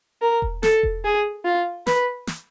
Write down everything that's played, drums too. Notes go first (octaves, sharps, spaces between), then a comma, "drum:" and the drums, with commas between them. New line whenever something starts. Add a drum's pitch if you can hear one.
A#4
drum: kick E1
A4, drum: snare
drum: kick E1
G#4
F4
B4, drum: snare
drum: snare